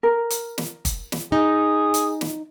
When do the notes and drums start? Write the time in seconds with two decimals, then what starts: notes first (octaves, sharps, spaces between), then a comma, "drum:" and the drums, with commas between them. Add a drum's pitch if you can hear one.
0.03 A#4
0.30 drum: hi-hat
0.58 drum: snare
0.85 drum: kick, hi-hat
1.12 drum: snare
1.32 D#4 G#4
1.94 drum: hi-hat
2.21 drum: snare